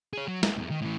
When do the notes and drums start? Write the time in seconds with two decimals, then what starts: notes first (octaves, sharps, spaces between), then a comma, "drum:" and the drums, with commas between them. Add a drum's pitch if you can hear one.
0.13 G#4 C#5
0.28 F#3
0.43 C#2, drum: snare
0.59 E2
0.71 D#3
0.82 A2 E3